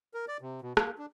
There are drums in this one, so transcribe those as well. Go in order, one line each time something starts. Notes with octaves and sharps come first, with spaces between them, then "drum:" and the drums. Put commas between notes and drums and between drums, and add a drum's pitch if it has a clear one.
A#4
D5
C3
B2
A#3, drum: rim click
D4